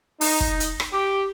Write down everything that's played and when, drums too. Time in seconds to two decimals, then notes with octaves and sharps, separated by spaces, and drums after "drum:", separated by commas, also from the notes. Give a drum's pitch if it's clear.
0.21 D#4, drum: open hi-hat
0.40 drum: kick
0.60 drum: hi-hat
0.80 drum: rim click
0.93 G4